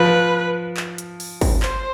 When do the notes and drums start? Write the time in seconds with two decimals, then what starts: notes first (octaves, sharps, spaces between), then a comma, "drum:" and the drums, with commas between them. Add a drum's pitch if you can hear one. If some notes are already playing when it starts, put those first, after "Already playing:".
Already playing: F3 B4
0.77 drum: clap
0.98 drum: hi-hat
1.20 drum: open hi-hat
1.41 drum: kick, open hi-hat
1.62 C5, drum: clap